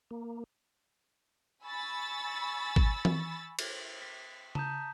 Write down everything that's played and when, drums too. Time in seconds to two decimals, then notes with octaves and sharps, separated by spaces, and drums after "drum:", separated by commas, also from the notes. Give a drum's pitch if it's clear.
0.11 A#3
1.64 G#5 B5 C#6 E6 A6
2.76 drum: kick G#1
3.05 drum: tom E3
3.59 drum: cymbal
4.01 B6
4.55 A5 A#5 D#6 G6, drum: tom C#3